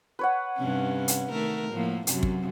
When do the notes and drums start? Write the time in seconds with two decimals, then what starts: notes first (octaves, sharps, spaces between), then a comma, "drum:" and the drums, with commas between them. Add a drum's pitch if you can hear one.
0.19 B4 C#5 F#5
0.58 G2 C3 C#4
1.08 drum: hi-hat
1.31 D#3 A3 A#4
1.72 A2 F3 A#3
2.07 F#2 C3 F#3, drum: hi-hat
2.23 drum: kick